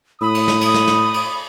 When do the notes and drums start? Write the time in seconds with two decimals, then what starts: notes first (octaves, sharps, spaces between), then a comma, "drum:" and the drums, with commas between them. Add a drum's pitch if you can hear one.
0.21 A2 B5 D#6
0.35 drum: cymbal
0.48 drum: snare
0.61 drum: cymbal
0.74 drum: snare
0.87 drum: snare
1.14 drum: cymbal